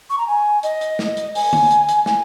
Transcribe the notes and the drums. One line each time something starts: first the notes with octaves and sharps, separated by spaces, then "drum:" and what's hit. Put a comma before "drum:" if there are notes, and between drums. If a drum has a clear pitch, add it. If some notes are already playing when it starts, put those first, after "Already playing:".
C#6
A#5
G#5
D#5, drum: hi-hat
drum: hi-hat
drum: snare
drum: hi-hat
G#5, drum: open hi-hat
drum: tom D3
drum: hi-hat
drum: hi-hat
G#5, drum: snare